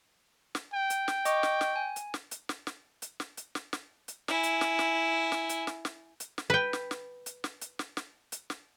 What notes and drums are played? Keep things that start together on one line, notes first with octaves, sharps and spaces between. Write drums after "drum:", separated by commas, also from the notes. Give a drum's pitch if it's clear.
drum: snare
G5
drum: hi-hat
drum: snare
D#5 C#6 D6, drum: hi-hat
drum: snare
drum: snare
G#5
drum: hi-hat
drum: snare
drum: hi-hat
drum: snare
drum: snare
drum: hi-hat
drum: snare
drum: hi-hat
drum: snare
drum: snare
drum: hi-hat
E4 G#5, drum: snare
drum: hi-hat
drum: snare
drum: snare
drum: snare
drum: hi-hat
drum: snare
drum: snare
drum: hi-hat
drum: snare
B4 G5
drum: snare
drum: snare
drum: hi-hat
drum: snare
drum: hi-hat
drum: snare
drum: snare
drum: hi-hat
drum: snare